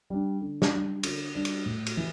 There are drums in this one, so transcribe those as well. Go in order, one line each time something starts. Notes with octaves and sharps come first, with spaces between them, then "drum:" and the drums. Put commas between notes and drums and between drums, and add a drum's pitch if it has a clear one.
G3 D4
D3
drum: snare
G3 D4
D3, drum: cymbal
G3 D4
drum: cymbal
A2
drum: cymbal
E3